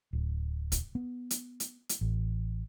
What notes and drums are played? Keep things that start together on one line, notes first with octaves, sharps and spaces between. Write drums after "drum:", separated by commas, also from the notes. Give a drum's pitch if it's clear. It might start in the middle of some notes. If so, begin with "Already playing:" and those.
D1
drum: kick, hi-hat
B3
drum: hi-hat
drum: hi-hat
drum: hi-hat
A1